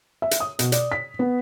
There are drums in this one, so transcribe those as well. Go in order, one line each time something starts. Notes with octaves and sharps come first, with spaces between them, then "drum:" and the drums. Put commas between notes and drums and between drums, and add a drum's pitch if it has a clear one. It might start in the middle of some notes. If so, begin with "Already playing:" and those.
E5
drum: hi-hat
D#6
B2, drum: hi-hat
D5, drum: hi-hat
B6
B3